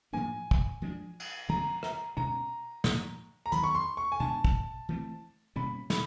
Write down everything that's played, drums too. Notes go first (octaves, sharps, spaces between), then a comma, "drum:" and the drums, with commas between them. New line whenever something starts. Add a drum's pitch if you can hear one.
A2 F3 A#3 D4 G#5
drum: kick
F3 G#3 B3 D4
drum: cymbal
C#3 F3 G#3 C4 A#5
A#5, drum: rim click
B2 G#3 C#4 A#5
A2 F3 A#3, drum: snare
A#5
D#3 F#3 B3 B5, drum: hi-hat
C#6
C6
C#6
G#5
B2 G#3 B3 D4 A5
drum: kick
E3 A3 C4
B2 G3 A#3 C#4 B5
B5, drum: snare